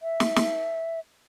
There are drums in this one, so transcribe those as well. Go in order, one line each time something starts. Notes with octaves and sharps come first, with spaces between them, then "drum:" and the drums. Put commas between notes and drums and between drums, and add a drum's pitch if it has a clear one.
E5
drum: snare
drum: snare